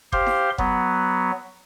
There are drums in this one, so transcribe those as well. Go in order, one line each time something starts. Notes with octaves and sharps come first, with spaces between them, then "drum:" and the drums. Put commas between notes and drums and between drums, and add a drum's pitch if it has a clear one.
G4 C5 F5 C6, drum: kick F#1
drum: snare E4
F#3 B3, drum: kick F#1